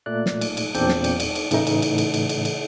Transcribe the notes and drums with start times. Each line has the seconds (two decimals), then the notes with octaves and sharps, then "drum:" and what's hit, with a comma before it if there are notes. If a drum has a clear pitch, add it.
0.06 A#2 A3 D5 F#6
0.26 drum: snare
0.41 drum: cymbal
0.57 drum: cymbal
0.75 E2 A#2 C4 D4 D6 G6, drum: cymbal
0.88 drum: snare
1.04 drum: cymbal
1.20 drum: cymbal
1.35 drum: cymbal
1.51 A2 C#3 E3 A3 D#4, drum: cymbal
1.67 drum: cymbal
1.82 drum: cymbal
1.98 drum: cymbal
2.14 drum: cymbal
2.29 drum: cymbal
2.45 drum: cymbal